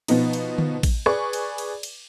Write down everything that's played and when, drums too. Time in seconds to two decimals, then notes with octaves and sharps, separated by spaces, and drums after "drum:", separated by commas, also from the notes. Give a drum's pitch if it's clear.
0.08 B2 F3 B3 D#4, drum: cymbal
0.33 drum: cymbal
0.58 drum: tom D3
0.83 drum: kick A1, cymbal
1.06 G#4 B4 D5 C#6, drum: rim click
1.33 drum: cymbal
1.58 drum: cymbal
1.83 drum: cymbal